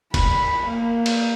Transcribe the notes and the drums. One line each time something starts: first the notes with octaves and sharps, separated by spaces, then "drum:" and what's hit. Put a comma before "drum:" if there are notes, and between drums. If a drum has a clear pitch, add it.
B5, drum: kick, cymbal
A#3
drum: cymbal